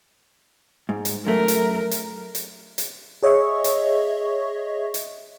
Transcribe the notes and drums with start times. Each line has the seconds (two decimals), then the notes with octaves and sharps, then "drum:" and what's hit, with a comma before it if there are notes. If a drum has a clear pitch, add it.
0.89 G#2
1.05 drum: hi-hat
1.27 F#2 A3 A#4
1.48 drum: hi-hat
1.91 drum: hi-hat
2.35 drum: hi-hat
2.78 drum: hi-hat
3.23 G#4 C#5 D#5 E5 C#6
3.64 drum: hi-hat
4.94 drum: hi-hat